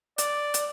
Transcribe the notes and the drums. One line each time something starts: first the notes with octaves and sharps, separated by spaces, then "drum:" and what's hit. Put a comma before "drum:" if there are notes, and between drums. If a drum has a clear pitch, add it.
D5, drum: hi-hat
drum: hi-hat